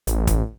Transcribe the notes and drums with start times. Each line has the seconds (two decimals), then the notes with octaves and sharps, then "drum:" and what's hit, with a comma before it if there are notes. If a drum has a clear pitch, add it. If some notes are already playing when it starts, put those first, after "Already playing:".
0.07 A1, drum: hi-hat
0.27 drum: kick, hi-hat